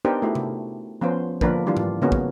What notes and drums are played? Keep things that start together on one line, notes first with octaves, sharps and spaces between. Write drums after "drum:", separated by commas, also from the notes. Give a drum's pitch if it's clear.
B3 D4 D#4 G4 A#4 C5
A3 E4 F#4
drum: tom C3
F3 B3 C#4 C5
D3 F3 A#3 D4 A#4 B4, drum: kick
E3 G3 D4 F4
drum: tom G#2
C#3 A#3 B3 C#4 F#4
drum: kick